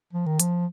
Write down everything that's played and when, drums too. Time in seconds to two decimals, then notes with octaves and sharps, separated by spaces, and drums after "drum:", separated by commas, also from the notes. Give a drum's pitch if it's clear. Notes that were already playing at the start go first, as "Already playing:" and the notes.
0.13 F3
0.26 D#3
0.40 F3, drum: hi-hat